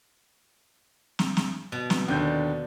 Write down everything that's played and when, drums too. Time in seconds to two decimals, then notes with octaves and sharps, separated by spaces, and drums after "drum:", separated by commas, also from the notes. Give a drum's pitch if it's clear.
1.19 drum: snare
1.37 drum: snare
1.72 B2
1.90 drum: snare
2.08 D#2 D3 D4 G6